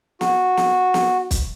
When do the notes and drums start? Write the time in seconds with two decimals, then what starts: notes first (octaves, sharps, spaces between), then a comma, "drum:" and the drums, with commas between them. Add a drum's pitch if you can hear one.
0.21 F#4, drum: snare
0.57 drum: snare
0.94 drum: snare
1.31 drum: kick, hi-hat